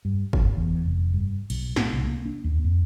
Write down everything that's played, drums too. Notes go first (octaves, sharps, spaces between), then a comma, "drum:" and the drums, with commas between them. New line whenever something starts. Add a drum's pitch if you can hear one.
G2
G1, drum: kick
E2
F1
G2
B1, drum: cymbal
A2, drum: snare
C2
A#3
D4
D#2
F2